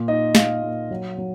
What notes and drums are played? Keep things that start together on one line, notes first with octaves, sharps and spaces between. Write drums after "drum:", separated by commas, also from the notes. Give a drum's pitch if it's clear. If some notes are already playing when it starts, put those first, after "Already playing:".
Already playing: A#2
D#4 D#5
D#4 F5, drum: snare
A#2
F#3
F#3